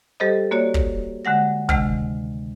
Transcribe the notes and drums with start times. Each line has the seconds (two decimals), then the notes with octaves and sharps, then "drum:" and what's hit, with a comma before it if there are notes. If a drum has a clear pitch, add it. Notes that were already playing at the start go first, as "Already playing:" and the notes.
0.20 G3 G4 A4 C5 D#5
0.51 A#3 F#4 C#5 D5
0.74 drum: kick
1.25 D3 G#3 F#5 A#6
1.69 D2 C3 D#3 G#3, drum: kick